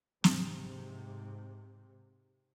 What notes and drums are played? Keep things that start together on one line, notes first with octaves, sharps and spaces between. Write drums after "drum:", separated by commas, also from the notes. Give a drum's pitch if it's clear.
G#2 C3, drum: snare